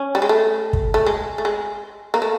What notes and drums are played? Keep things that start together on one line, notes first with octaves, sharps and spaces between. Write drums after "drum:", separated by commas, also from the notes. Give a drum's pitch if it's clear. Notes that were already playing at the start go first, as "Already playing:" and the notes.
Already playing: C#4
G3
G#3
A3
drum: kick
A3
G#3
A3
G#3
A#3
A3